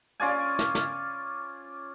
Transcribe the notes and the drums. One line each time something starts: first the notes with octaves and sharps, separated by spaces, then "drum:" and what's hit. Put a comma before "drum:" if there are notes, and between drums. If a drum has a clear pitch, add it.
C#4 F4 D5 G#5
drum: snare
drum: snare